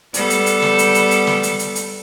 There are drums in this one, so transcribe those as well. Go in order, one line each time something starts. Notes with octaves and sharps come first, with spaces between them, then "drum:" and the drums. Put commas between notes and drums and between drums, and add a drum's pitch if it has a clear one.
G3 B3 A4, drum: hi-hat
drum: hi-hat
drum: hi-hat
drum: snare
drum: hi-hat
drum: hi-hat
drum: hi-hat
drum: snare
drum: hi-hat
drum: hi-hat
drum: hi-hat